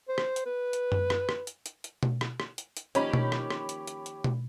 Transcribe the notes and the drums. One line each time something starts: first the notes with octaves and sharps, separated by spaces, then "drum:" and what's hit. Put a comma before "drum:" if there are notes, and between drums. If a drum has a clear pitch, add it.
C5
drum: rim click
drum: hi-hat
B4
drum: hi-hat
drum: tom F#2
drum: rim click
drum: rim click
drum: hi-hat
drum: hi-hat
drum: hi-hat
drum: tom B2
drum: rim click
drum: rim click
drum: hi-hat
drum: hi-hat
D#3 F3 A#3 C#4 G4 C#5 B5, drum: hi-hat
drum: tom B2
drum: rim click
drum: rim click
drum: hi-hat
drum: hi-hat
drum: hi-hat
drum: tom B2